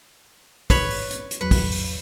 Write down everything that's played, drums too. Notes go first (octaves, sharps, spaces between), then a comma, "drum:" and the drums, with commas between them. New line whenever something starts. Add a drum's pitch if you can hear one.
B4 C#5 B5, drum: kick, open hi-hat
drum: open hi-hat
drum: hi-hat
drum: hi-hat
E2 F#3 B4 C#7
drum: kick, open hi-hat
drum: open hi-hat